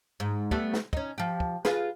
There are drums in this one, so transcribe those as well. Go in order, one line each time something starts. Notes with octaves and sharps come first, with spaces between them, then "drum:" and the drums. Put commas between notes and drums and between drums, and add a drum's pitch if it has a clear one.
G#2
G3 A3 B3, drum: kick
drum: snare
C#4 D#4, drum: kick
F3 G4
drum: kick
F4 G#4 B4, drum: snare